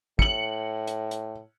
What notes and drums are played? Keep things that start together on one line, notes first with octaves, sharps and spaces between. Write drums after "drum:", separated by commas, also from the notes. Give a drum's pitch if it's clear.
A2 C#7 F#7, drum: kick
drum: hi-hat
drum: hi-hat